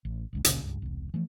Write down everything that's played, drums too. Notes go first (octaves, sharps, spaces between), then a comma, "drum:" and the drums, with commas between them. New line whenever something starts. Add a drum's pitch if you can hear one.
A1
G1 C#2 G#3
G1 C#2 A#2 C#3, drum: hi-hat
C#2 G2
E1 C2
E3 F3 A3